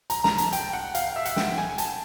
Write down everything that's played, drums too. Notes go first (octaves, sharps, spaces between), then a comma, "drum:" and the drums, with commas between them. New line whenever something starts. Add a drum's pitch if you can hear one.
A#5, drum: hi-hat
A#5, drum: snare
A5, drum: hi-hat
G5, drum: hi-hat
F#5
F5, drum: hi-hat
E5
F#5, drum: hi-hat
G5, drum: snare
G#5
A5, drum: hi-hat